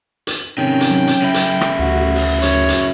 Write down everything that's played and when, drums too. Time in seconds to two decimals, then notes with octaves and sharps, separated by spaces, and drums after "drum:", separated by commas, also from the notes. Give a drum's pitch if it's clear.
0.27 drum: hi-hat
0.58 C3 D#3 C#4 G5
0.81 drum: hi-hat
0.90 F#3
1.08 drum: hi-hat
1.22 C#3 E4
1.34 drum: hi-hat
1.61 drum: rim click
1.79 A1 D2 F#4
2.15 drum: open hi-hat
2.42 F#2 C#5, drum: hi-hat
2.69 drum: hi-hat